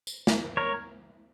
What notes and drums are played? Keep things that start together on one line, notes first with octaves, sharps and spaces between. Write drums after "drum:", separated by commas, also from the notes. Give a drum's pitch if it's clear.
drum: tambourine
drum: snare
A#4 C#5